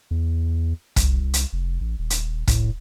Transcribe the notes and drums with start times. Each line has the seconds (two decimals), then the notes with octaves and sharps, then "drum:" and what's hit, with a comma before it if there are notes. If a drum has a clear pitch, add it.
0.11 E2
0.96 C2, drum: kick, hi-hat
1.34 drum: hi-hat
1.53 F1
1.81 A1
1.99 D#1
2.10 drum: hi-hat
2.48 A2, drum: kick, hi-hat